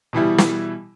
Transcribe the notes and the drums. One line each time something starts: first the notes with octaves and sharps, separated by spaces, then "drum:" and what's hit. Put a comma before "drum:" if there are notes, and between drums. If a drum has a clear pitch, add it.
B2 E3 G3 E4
drum: snare